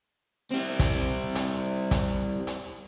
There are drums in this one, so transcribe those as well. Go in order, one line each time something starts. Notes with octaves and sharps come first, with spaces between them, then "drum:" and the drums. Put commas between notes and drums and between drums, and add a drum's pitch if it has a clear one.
G3 C4
drum: kick, hi-hat
drum: hi-hat
drum: kick, hi-hat
drum: hi-hat